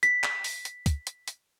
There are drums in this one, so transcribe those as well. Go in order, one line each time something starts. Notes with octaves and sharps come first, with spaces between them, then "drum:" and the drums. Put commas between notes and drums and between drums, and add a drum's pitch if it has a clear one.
B6, drum: hi-hat
drum: clap
drum: open hi-hat
drum: hi-hat
drum: kick, hi-hat
drum: hi-hat
drum: hi-hat